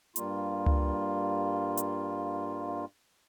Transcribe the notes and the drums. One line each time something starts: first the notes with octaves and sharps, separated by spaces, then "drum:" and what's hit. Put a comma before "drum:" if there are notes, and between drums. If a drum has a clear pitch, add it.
G2 G3 A#3 F4, drum: hi-hat
drum: tom C#2
drum: hi-hat